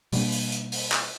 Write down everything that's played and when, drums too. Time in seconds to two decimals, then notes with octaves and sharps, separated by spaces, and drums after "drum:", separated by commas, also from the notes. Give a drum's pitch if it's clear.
0.13 B2 G3 A#3 D4, drum: open hi-hat
0.32 drum: open hi-hat
0.52 drum: hi-hat
0.72 drum: open hi-hat
0.92 drum: clap